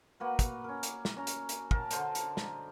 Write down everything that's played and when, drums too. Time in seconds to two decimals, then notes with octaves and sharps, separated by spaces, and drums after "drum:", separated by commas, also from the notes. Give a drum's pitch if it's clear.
0.20 A#3 F#4 B4
0.39 drum: kick, hi-hat
0.64 C#4 A#4
0.83 drum: hi-hat
1.05 drum: snare
1.16 C#4 A#5
1.27 drum: hi-hat
1.49 drum: hi-hat
1.71 A#4 A5, drum: kick
1.91 D3 C5 D#5, drum: hi-hat
2.15 drum: hi-hat
2.37 drum: snare